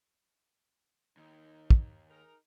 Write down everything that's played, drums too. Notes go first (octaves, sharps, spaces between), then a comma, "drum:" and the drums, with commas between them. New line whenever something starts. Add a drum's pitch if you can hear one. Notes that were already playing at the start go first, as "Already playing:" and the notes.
D#2 D#4
drum: kick
D#4 G#4 A#4